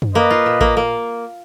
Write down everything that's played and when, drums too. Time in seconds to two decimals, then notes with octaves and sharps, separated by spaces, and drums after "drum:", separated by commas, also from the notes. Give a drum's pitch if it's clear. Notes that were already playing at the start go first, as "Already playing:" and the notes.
0.02 drum: tom F#2
0.15 A#3 B4 D#5
0.30 F4
0.46 A#2
0.61 A#3, drum: kick A1
0.77 A#3